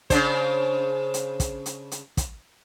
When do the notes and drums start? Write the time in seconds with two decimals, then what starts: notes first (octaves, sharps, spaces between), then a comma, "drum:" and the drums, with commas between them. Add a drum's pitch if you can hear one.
0.10 C#3 D4 C5, drum: kick, hi-hat
1.14 drum: hi-hat
1.40 drum: kick, hi-hat
1.66 drum: hi-hat
1.91 drum: hi-hat
2.17 drum: kick, hi-hat